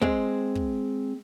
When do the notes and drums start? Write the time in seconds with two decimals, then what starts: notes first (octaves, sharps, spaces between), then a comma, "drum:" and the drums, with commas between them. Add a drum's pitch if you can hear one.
0.02 G#3 C4, drum: kick
0.55 drum: kick